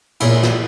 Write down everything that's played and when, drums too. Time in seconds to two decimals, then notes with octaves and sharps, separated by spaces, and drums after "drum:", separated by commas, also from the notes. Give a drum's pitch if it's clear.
0.20 A#2 E4 G#4 C#5, drum: cymbal
0.43 drum: snare